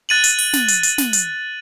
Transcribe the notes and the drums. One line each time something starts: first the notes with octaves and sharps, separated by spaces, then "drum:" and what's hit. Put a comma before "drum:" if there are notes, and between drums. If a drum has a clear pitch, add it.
F#6 A6 D#7 F#7
drum: hi-hat
drum: open hi-hat
drum: snare
drum: hi-hat
drum: hi-hat
drum: snare
drum: hi-hat